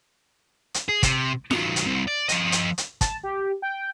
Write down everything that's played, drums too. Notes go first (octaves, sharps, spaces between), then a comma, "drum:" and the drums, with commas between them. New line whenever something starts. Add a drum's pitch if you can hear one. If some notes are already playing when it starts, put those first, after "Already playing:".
drum: hi-hat
G#4
C3, drum: kick, hi-hat
D#3 F#3, drum: snare
drum: hi-hat
C2 C3
D5
F3 D#5, drum: hi-hat
drum: hi-hat
drum: hi-hat
A5, drum: kick, hi-hat
G4
G5